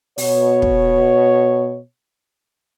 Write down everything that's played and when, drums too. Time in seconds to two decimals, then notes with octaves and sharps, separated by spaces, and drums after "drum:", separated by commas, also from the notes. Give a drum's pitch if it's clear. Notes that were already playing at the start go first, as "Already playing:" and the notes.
0.18 B2 C#5, drum: open hi-hat
0.62 drum: kick